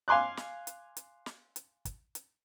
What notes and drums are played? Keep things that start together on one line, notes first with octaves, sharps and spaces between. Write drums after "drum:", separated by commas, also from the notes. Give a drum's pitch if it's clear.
F5 G#5 C6 D6 F#6
drum: snare
drum: hi-hat
drum: hi-hat
drum: snare
drum: hi-hat
drum: kick, hi-hat
drum: hi-hat